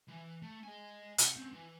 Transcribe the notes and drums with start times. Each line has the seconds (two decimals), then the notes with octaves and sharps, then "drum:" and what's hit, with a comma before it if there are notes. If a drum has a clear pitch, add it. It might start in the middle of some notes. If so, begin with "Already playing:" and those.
0.08 E3
0.42 A3
0.63 D#5 G#5
1.18 C2 F#5, drum: hi-hat
1.36 C4 C#4
1.52 E3